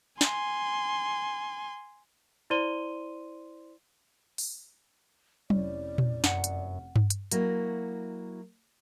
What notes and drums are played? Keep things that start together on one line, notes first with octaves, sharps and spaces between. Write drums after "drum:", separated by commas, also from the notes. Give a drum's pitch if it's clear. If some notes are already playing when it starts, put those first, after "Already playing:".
G#5 C6, drum: snare
E4 C5 D5 C6 D#7 G7
drum: open hi-hat
F1 C#4 E4 D5, drum: tom F#3
drum: tom A#2
F#2 F#5, drum: snare
drum: hi-hat
drum: tom G2
drum: hi-hat
F#3 A#3 E4 F#4, drum: hi-hat